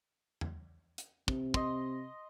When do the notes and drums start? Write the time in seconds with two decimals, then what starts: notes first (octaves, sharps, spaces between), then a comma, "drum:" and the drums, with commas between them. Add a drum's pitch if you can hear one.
0.41 drum: tom E2
0.98 drum: hi-hat
1.28 C3, drum: kick
1.54 D#5 C6, drum: kick